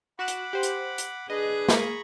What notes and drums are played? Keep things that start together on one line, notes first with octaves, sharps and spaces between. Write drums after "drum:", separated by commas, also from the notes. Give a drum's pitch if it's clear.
F#4 F#5 B5 D6 F#6 E7
drum: hi-hat
G4 C5
drum: hi-hat
drum: hi-hat
D4 G#4 B4 D#5
A#3 A#5 B5 C#6, drum: snare